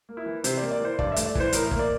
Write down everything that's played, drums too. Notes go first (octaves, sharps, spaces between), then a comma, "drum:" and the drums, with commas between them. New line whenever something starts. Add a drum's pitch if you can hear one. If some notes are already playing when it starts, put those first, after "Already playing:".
A#3
E4
E3
C3 C5, drum: hi-hat
D5
A#3
D5
E3 C5
G2 D5, drum: kick
E5
A3, drum: hi-hat
D5
E3 C5, drum: kick
A2 A#4, drum: hi-hat
A#4
A#3, drum: kick
D5